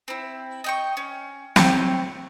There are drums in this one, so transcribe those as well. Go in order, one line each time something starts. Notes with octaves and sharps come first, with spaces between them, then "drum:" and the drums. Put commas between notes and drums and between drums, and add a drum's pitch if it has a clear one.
C4 E4
D#5 G5 C#6
C#4
C4 C#5 G5, drum: snare